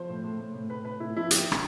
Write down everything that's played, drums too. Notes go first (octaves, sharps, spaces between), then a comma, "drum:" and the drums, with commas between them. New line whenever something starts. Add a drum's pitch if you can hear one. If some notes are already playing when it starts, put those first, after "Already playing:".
Already playing: F3 C5
A2
A2
A2
A2
A2 B4
A2 B4
A2 E4
F3 E4
F3 G4, drum: hi-hat
drum: rim click